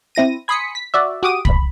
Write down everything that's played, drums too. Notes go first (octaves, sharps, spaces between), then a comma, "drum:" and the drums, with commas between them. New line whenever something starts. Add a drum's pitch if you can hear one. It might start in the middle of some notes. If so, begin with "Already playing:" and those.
C4 E4 A#6 D#7
G#5 B5 C6 D#6 B6 C#7
B6
F#4 D5 E5
F#4 G4 D6 D#6 D#7
F2 B5, drum: kick